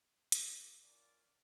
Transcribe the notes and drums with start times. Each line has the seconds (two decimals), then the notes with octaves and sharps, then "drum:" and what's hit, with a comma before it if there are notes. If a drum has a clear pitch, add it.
0.32 F4 A#4 D5, drum: hi-hat
0.82 C#4 F4 A#4 D5